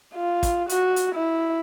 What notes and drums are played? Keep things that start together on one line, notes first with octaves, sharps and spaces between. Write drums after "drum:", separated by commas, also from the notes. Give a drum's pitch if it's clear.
F4
drum: kick, hi-hat
F#4, drum: hi-hat
drum: hi-hat
E4